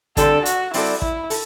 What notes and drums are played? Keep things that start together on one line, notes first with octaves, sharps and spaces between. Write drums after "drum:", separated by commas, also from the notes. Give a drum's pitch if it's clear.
D3 G3 C4 A4, drum: kick, hi-hat
F#4, drum: hi-hat
G3 C4 E4 F#4 A4 D5, drum: open hi-hat
E4, drum: kick
A4, drum: open hi-hat